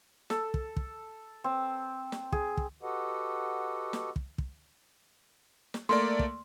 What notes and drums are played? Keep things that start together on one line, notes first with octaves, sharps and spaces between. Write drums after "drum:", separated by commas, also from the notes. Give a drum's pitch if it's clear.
A4, drum: snare
drum: kick
drum: kick
C4
drum: snare
G#4, drum: kick
drum: kick
F#4 G4 A4 B4 D#5 F#5
drum: snare
drum: kick
drum: kick
drum: snare
A3 A#3 D5 C6
drum: kick